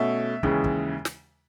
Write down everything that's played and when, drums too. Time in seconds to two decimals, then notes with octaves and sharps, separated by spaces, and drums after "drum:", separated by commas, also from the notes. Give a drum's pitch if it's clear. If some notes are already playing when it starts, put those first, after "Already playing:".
Already playing: B2 A3 C#4 E5
0.43 D#2 C#3 E3 G#3 C#4, drum: kick
0.64 drum: kick
1.05 drum: snare